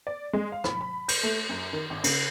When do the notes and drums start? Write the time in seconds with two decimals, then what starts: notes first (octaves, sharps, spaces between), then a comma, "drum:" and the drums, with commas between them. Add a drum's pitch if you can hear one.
0.07 D5
0.33 G#3
0.52 F5
0.64 B5, drum: rim click
0.81 B5
1.08 G6, drum: cymbal
1.23 A3
1.49 F#2
1.73 D#3
1.90 G#1
2.04 C#3, drum: cymbal